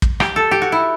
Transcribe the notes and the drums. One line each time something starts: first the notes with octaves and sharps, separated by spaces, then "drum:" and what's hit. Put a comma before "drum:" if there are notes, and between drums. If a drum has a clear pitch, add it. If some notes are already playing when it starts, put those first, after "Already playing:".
drum: kick
G4, drum: rim click
A4
G4
F#4
E4